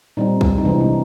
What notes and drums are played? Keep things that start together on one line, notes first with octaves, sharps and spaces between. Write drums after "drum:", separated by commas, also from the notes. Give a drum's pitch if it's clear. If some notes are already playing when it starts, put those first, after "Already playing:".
A#2 G3 C4 D#4
drum: kick B1
D#4
C3 E3 G#3 C4 D4
D#4